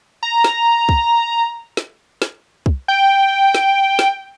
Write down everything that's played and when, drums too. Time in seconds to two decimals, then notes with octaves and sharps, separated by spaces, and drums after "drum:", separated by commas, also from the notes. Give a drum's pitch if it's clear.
0.23 A#5
0.44 drum: snare
0.89 drum: kick
1.77 drum: snare
2.22 drum: snare
2.66 drum: kick
2.88 G5
3.55 drum: snare
3.99 drum: snare